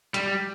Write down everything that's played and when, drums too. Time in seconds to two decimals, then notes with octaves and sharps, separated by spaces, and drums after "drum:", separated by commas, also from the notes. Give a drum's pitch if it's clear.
0.14 G3, drum: hi-hat